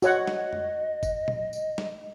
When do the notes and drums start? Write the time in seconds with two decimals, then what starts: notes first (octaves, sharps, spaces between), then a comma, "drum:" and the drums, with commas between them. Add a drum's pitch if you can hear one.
0.02 F#4 C#5 D#5 F#5, drum: tambourine
0.27 drum: snare
0.53 drum: tom
1.03 drum: kick, tambourine
1.28 drum: tom A#2
1.53 drum: tambourine
1.78 drum: snare